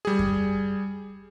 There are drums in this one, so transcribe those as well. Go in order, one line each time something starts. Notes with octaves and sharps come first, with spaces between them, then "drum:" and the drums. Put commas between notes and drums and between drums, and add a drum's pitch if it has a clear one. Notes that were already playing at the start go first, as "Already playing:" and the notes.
G3 G#4
drum: kick F#2